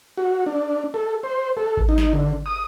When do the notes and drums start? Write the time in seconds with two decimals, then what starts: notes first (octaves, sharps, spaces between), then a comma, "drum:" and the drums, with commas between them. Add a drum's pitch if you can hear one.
0.17 F#4
0.46 D4
0.94 A4
1.23 C5
1.57 A4
1.77 drum: kick G#1
1.89 D#4
1.98 drum: snare
2.13 D3
2.46 D#6